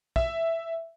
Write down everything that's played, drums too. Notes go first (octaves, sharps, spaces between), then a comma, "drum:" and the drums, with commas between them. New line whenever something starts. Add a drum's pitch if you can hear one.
E5, drum: kick